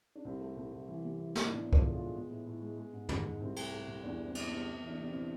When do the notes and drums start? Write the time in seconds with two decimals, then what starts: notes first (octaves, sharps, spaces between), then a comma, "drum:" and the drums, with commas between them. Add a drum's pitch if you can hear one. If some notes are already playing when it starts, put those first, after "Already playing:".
0.15 D4
0.25 C2 C4
0.41 A3
0.57 C2
0.73 C2
0.89 E3
1.04 C3
1.20 E3
1.35 E3, drum: snare
1.51 A2 B3 D4
1.67 A2
1.73 F4 A4, drum: kick C2
1.83 G#3
1.93 F4 A4
1.99 G#3
2.15 G#3 B3
2.30 A2
2.46 A2
2.61 G#3
2.77 G#3
2.93 G#2
3.09 G#2, drum: tom
3.25 G#3
3.40 C2 C4
3.56 A3, drum: cymbal
3.72 A3
3.88 C2
4.03 E2 B3 D4
4.19 E2
4.25 C4
4.35 G#3, drum: cymbal
4.46 B3
4.51 C3
4.66 A3 B3
4.82 E3
4.88 B3 D4
4.98 C3 D4
5.08 C4 E4
5.14 E3